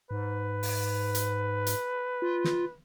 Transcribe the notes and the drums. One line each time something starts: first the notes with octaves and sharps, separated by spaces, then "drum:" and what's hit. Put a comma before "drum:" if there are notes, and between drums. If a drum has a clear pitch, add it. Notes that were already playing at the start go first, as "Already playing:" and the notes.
G#2 B4
drum: open hi-hat
drum: hi-hat
drum: hi-hat
F4
drum: snare